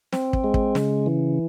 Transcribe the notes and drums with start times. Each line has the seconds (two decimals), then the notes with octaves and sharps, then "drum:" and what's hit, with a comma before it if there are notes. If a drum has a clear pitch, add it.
0.13 C4, drum: snare
0.33 drum: kick
0.44 G#3
0.54 drum: kick
0.75 C#3, drum: snare
1.06 E3